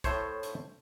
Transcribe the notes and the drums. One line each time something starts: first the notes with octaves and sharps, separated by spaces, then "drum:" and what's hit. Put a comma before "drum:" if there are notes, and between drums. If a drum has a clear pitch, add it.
A2 A3 C5 C#5, drum: kick, hi-hat
drum: hi-hat